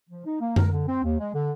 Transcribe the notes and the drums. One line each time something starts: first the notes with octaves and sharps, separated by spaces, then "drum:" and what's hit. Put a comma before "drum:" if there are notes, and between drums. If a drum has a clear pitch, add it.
F3
D#4
A#3
A#4, drum: tom F#2
D3
C4
D#2
G#3
D3